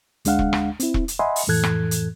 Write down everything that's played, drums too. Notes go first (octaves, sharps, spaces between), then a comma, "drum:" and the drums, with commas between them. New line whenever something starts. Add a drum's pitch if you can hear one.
D2 G#3 D4 F5 F#5, drum: hi-hat
drum: kick E1
drum: rim click
C4 E4, drum: hi-hat
drum: kick E1
drum: hi-hat
D#5 E5 F#5 G#5 B5 C6
drum: open hi-hat
F2 A2 E3 A4 F#6 G#6
drum: rim click
drum: hi-hat